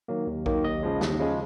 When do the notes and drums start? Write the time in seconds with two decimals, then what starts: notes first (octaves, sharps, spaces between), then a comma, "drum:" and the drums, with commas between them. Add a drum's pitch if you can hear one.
0.08 D#3 F#3 A#3
0.27 D#2
0.46 D#3 F#3 A#3, drum: kick A#1
0.64 D#2 D#5
0.83 C#3 F3 G#3
1.01 D#2, drum: snare
1.19 C#3 F3 G#3